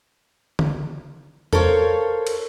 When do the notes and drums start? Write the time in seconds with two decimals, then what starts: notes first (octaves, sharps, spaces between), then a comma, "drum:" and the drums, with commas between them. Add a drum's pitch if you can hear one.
0.59 drum: tom D3
1.53 A4 A#4 C5 C#5 F5, drum: tom E2
2.27 drum: cymbal